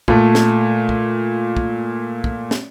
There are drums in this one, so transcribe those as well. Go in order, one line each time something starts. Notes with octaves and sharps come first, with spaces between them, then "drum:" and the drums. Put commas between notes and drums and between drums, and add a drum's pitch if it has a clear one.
A#2 A3, drum: kick
drum: snare
drum: kick
drum: kick
drum: kick
drum: snare